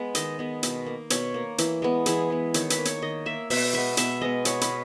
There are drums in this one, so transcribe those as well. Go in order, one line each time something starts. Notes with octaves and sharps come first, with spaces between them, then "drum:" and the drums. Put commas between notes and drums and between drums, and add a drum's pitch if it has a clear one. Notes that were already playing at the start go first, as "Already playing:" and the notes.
Already playing: G#3 B3
D#3 D#5, drum: hi-hat
G#3 B3
B2, drum: hi-hat
A#3
B2 C#5, drum: hi-hat
A#3
E3, drum: hi-hat
G#3 B3
E3 G#4, drum: hi-hat
G#3 B3
D#3 C#5, drum: hi-hat
B4, drum: hi-hat
A#3
C#5, drum: hi-hat
D#3 D#5
A#3 E5
B2 E5, drum: open hi-hat
G#3 B3 E5
B2 E5, drum: hi-hat
G#3 B3 D#5
B2 C#5, drum: hi-hat
B4, drum: hi-hat
G#3